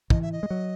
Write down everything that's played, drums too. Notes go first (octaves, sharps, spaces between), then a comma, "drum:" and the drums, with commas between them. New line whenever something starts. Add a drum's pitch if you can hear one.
E3 D#5, drum: kick
E5
D#5
G#3
F#3